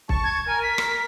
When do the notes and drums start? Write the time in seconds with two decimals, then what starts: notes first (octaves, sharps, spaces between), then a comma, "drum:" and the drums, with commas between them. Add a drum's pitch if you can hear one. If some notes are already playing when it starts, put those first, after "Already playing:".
0.09 A5 C#6, drum: kick
0.24 G#6
0.47 A#4 G#5
0.63 B6
0.78 drum: rim click